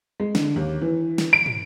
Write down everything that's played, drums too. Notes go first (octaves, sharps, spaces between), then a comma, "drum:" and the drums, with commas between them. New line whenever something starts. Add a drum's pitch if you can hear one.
G#3
D3, drum: snare
D#2
E3
drum: snare
D7
drum: tom